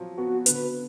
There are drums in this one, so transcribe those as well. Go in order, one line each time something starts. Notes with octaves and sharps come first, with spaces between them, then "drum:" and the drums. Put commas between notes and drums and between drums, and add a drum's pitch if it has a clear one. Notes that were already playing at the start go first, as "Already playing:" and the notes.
Already playing: F3 F#3
B3 F#4
D3 B4, drum: hi-hat